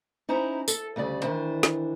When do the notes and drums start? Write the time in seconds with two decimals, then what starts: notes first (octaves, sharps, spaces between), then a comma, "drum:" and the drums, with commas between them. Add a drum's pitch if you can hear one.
0.29 C#4 D#4 E4 C5 A#5
0.68 A4, drum: tambourine
0.96 D2 C#3 G3 D5
1.22 D#3 E3 D4 C5
1.63 drum: snare